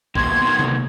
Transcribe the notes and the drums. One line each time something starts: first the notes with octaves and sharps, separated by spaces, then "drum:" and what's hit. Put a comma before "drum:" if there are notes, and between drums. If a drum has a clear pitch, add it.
D#2 B2 C6 G#6, drum: kick A#1
B2 D#3
drum: tom C3